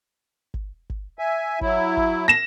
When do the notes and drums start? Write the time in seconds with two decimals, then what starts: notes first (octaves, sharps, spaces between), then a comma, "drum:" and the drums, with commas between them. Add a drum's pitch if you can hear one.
0.54 drum: kick G1
0.90 drum: kick G1
1.19 E5 G#5
1.61 F#3 E4, drum: kick G1
1.97 drum: kick G1
2.28 A#6 E7